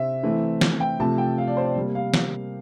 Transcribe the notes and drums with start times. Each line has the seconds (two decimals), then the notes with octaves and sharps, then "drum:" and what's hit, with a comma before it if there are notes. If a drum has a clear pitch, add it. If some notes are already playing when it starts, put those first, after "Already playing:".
Already playing: C3 C4 E5
0.23 E3 A3 C4
0.61 drum: snare
0.80 G5
0.99 C3 F3 A3 A5
1.18 G5
1.38 F5
1.47 D5
1.57 C5
1.65 D5
1.76 C3 G3 A#3
1.95 F5
2.14 drum: snare